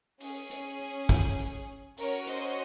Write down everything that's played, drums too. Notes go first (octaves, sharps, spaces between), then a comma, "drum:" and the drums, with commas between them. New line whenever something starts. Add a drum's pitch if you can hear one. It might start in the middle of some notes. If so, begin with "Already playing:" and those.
C#4 G#4, drum: open hi-hat
drum: hi-hat
drum: hi-hat
drum: kick, hi-hat
drum: hi-hat
C#4 F#4 A#4 C#5, drum: open hi-hat
C5 D#5, drum: hi-hat